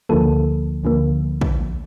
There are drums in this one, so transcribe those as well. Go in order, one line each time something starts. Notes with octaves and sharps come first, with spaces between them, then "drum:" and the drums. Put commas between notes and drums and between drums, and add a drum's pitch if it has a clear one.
D2 D3 F3 A#3 A4
D2 D3 F3 A#3
drum: kick A#1